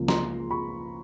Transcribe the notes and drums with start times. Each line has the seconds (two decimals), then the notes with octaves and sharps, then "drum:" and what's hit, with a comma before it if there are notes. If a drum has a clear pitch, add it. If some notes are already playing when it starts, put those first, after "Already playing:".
Already playing: C#2 C#3 F3 A#3
0.08 A#5 C6, drum: snare
0.51 B5 C#6